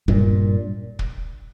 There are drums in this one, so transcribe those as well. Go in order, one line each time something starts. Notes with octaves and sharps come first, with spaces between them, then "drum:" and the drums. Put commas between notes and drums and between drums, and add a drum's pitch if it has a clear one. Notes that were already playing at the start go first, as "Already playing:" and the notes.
G2 A#2, drum: kick
drum: kick